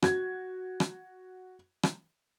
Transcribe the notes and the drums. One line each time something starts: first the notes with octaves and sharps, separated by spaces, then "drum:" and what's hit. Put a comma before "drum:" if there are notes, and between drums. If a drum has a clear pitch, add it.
F#4 G#6, drum: rim click
drum: rim click
drum: rim click